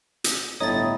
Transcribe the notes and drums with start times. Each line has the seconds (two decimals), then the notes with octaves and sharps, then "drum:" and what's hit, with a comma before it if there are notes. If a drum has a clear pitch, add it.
0.24 drum: hi-hat
0.60 G1 A2 C#5 D#5 A#5 D#6 A6